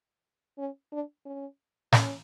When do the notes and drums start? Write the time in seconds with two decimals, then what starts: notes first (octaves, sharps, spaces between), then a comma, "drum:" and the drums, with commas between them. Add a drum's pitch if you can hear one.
0.58 C#4
0.92 D4
1.25 C#4
1.93 C#4, drum: snare